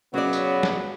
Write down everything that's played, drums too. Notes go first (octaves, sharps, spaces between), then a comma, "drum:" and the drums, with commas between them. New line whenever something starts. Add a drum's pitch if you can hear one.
C#3 F#3 B3 C#4 D5
drum: tambourine
drum: snare